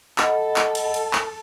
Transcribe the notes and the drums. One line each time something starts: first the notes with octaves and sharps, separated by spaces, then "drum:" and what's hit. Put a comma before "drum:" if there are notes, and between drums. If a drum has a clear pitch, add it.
A4 D#5 F#5 B5, drum: clap
drum: clap
drum: cymbal
drum: cymbal
drum: clap